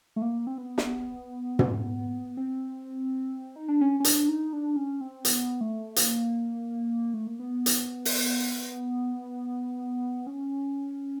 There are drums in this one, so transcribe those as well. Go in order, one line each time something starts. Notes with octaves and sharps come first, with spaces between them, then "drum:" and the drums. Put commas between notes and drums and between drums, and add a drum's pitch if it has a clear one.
A3
A#3
C4
B3
drum: snare
drum: tom
C4
D#4
D4
C#4
C#4
D4, drum: hi-hat
D#4
D4
C#4
C4
B3, drum: hi-hat
A3
A#3, drum: hi-hat
A3
A#3
B3
drum: hi-hat
drum: open hi-hat
C#4